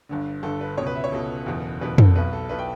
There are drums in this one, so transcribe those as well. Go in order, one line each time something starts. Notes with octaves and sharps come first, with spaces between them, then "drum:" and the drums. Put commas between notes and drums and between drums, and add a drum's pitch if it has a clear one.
G1 G2 D3
G1 G2 D3 A4
B4
C#2 B2 C#5
B4
E5
C#5
C#2 B2 A4
F#1 E2 B2
F#1 E2 B2 B4
A4, drum: tom
B1 B2 B4
A4
B1 B2 B4
G5